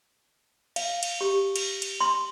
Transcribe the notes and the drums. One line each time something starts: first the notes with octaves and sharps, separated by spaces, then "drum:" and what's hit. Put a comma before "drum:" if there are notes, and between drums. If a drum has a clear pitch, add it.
F5, drum: cymbal
drum: cymbal
G4
drum: cymbal
drum: cymbal
C6